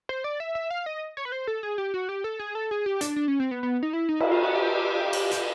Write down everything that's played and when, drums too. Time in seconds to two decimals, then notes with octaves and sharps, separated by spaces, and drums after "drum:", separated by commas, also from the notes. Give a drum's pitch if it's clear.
0.09 C5
0.24 D5
0.40 E5
0.55 E5
0.71 F5
0.86 D#5
1.17 C#5
1.25 B4
1.32 C5
1.47 A4
1.63 G#4
1.78 G4
1.94 F#4
2.09 G4
2.24 A4
2.39 G#4
2.55 A4
2.71 G#4
2.86 G4
3.01 D4, drum: hi-hat
3.16 D4
3.28 C#4
3.40 C4
3.51 B3
3.63 B3
3.83 D#4
3.93 E4
4.09 D#4
4.20 E4, drum: cymbal
4.32 F4
4.43 F#4
4.55 G4
5.13 drum: cymbal
5.31 drum: hi-hat